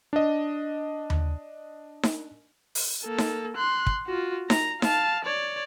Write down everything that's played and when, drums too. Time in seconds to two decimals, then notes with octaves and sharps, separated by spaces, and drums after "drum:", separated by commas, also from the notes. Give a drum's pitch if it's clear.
0.13 D4 D#5
1.10 drum: tom D#2
2.03 drum: snare D#4
2.75 drum: open hi-hat
3.05 A#3 A4
3.18 drum: snare D#4
3.57 C6 F#6
3.87 drum: kick
4.06 F4 F#4
4.50 A#5, drum: snare D#4
4.82 F5 A5, drum: snare D#4
5.25 C#5 D5